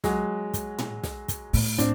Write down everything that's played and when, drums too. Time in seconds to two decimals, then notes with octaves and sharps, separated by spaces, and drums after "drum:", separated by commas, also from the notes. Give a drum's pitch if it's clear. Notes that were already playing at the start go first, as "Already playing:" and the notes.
0.04 F#3 G#3, drum: snare
0.54 drum: kick, hi-hat
0.78 drum: tom A2
1.03 drum: snare
1.28 drum: kick, hi-hat
1.53 A2, drum: open hi-hat
1.78 C4 D4, drum: kick, hi-hat